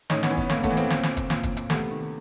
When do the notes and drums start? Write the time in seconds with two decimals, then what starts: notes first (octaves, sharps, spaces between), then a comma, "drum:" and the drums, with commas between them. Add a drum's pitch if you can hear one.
0.10 A2 C#4 D#4, drum: snare
0.23 B3 C#4, drum: snare
0.30 E3
0.37 B3 C#4, drum: kick
0.50 A2 A#3, drum: snare
0.63 A3 B3, drum: kick, hi-hat
0.71 E3
0.77 A#3 C4, drum: hi-hat
0.90 A#2, drum: snare
1.03 drum: snare
1.17 drum: kick, hi-hat
1.30 A#2, drum: snare
1.43 drum: kick, hi-hat
1.57 drum: hi-hat
1.70 C3 A3 B3, drum: snare
1.91 D#3